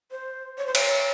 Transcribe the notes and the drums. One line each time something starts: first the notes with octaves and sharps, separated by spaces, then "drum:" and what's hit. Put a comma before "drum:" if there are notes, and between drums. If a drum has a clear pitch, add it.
C5
C#5
C5
C#5, drum: cymbal